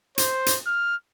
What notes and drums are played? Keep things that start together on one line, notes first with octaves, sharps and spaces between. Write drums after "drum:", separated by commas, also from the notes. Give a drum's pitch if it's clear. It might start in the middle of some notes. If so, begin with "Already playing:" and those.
C5, drum: hi-hat
drum: hi-hat
F6